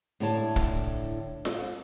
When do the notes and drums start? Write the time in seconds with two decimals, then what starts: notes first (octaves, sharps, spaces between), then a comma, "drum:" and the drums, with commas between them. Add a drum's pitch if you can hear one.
0.20 A2 D3 E4 C#5 A5
0.56 drum: kick
1.45 drum: snare F4